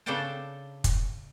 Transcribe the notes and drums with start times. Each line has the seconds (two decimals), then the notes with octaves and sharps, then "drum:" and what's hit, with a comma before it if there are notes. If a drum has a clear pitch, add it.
0.06 C#3 D4 A4 D5 G5 A5
0.84 drum: kick, hi-hat